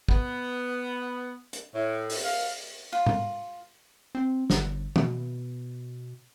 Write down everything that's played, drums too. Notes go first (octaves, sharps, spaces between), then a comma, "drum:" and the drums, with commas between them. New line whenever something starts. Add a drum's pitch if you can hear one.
B3, drum: kick
drum: hi-hat
A2
drum: open hi-hat
F5
F4
drum: tom A2
C4
G1, drum: snare
B2, drum: tom D#3